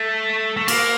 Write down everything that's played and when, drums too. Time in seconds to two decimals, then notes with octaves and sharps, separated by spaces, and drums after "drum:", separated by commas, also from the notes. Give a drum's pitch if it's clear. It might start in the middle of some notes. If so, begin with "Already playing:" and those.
Already playing: A3
0.57 A3
0.68 A#3, drum: cymbal